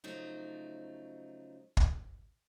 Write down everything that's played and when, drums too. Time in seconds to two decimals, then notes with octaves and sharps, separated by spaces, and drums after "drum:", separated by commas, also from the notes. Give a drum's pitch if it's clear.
0.04 C#3 F3 F#3 A3 D#4
1.77 drum: kick